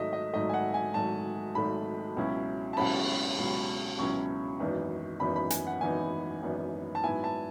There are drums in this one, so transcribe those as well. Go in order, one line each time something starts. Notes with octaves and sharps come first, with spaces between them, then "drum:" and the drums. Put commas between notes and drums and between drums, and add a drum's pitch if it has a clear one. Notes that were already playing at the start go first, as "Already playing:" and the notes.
Already playing: G#1 G#2 F#3 A3 D#5 E5
D#5
G#1 G#2 F#3 A3 D#5
G#5
F#5
G#5
G#1 G#2 F#3 A3 A5
G#1 G#2 F#3 A3 B5
C#2 B2 F#3 C#4 E4
A5
C#2 B2 F#3 C#4 E4 B5, drum: cymbal
C#2 B2 F#3 C#4 E4
C#2 B2 F#3 C#4 E4 C#6
G#1 F#2 E3 B3 D#4
G#1 F#2 E3 B3 D#4 B5
B5
G#5, drum: hi-hat
F#5
G#1 F#2 E3 B3 D#4 G#5
G#1 F#2 E3 B3 D#4
A5
G#2 F#3 B3 E4 G#5
A5